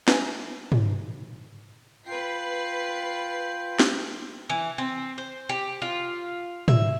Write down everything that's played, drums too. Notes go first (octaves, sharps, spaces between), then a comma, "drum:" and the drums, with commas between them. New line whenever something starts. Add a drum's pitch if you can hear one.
B4 E5 G#5, drum: snare
drum: tom
F4 B4 G5 C7
drum: snare
E3
C4
C5
G4
F4
E5, drum: tom